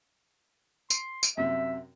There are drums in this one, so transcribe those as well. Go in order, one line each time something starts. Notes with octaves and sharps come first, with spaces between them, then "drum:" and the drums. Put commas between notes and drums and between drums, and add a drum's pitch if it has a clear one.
C6, drum: tambourine
drum: tambourine
F#2 C3 E5